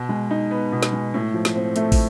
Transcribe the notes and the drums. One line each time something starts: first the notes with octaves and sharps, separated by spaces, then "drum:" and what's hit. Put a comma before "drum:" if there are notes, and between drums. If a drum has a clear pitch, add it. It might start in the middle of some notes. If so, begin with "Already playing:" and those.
Already playing: B2
G#3
D#4
B3
B2
drum: snare
G#3
A2
F3
drum: snare
C4
A3, drum: hi-hat
drum: kick, open hi-hat